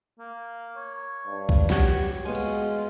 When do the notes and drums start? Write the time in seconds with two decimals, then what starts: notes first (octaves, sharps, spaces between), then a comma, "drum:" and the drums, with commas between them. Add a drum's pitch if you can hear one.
0.19 A#3
0.76 C#5
1.26 G2
1.49 drum: kick B1
1.70 F#4 G4 C#5, drum: snare
2.25 G#3 B3 F4 G#5
2.35 drum: cymbal